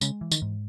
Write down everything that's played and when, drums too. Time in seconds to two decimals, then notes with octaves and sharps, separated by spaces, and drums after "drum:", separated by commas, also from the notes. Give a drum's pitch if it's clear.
0.01 C#3 G#3, drum: tambourine
0.21 E3
0.32 D#3, drum: tambourine
0.42 G#2